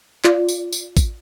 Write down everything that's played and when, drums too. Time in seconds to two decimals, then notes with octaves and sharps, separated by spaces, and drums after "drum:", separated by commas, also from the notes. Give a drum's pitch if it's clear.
0.24 F4 D5, drum: clap
0.48 drum: tambourine
0.73 drum: tambourine
0.97 drum: kick, tambourine